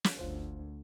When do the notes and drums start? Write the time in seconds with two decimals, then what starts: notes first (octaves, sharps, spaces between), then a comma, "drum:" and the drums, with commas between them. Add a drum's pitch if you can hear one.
0.04 drum: snare
0.19 G1 D2 F4 C5